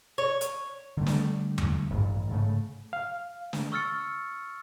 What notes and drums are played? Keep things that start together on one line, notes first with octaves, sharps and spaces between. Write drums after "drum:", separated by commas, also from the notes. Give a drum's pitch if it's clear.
C#5
drum: hi-hat
D3 G3 A3
drum: snare
drum: tom E2
A1 G2
G#2 C#3 A3
F5
drum: snare
C#6 E6 F6 A6 C#7